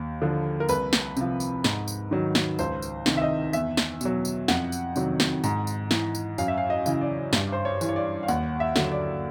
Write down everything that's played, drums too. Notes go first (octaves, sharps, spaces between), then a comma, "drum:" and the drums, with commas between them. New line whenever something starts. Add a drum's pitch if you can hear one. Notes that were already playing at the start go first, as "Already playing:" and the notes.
Already playing: D#2
D3 F3
A#4
C2 B4, drum: tambourine
drum: snare
C3 F3, drum: tambourine
drum: tambourine
G#2, drum: snare
drum: tambourine
D#3 F#3
drum: snare
C#2 C5, drum: tambourine
drum: tambourine
C3 D#3, drum: snare
E5
D#5
E2 E5, drum: tambourine
drum: snare
B2 F#3, drum: tambourine
drum: tambourine
F2 F#5, drum: snare
drum: tambourine
C3 D#3 F#3, drum: tambourine
drum: snare
G#2, drum: tambourine
drum: tambourine
E3, drum: snare
drum: tambourine
F#2 F5, drum: tambourine
E5
F5
D#5
C#3 E3, drum: tambourine
D5
G2, drum: snare
C5
C#5
E3, drum: tambourine
C#5
D5
F5
D#2 F#5, drum: tambourine
E5
D3 F#3, drum: snare
D5